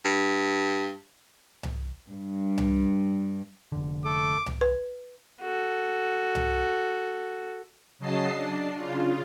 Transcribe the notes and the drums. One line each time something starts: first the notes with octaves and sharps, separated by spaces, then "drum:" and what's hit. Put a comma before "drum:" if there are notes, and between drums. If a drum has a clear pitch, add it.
G2
drum: tom C2
G2
drum: tom C2
F1 D3
A3 A4 D6
drum: tom C2
B4
F#4 A4
drum: tom C2
C#3 F#3 D#5 A5 C7
D4
C#3 F4